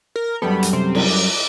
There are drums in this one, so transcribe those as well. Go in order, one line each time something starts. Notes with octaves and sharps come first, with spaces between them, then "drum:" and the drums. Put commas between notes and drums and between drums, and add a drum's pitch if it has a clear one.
A#4
F#2 G3 B3 A4
drum: hi-hat
C3
drum: cymbal
D6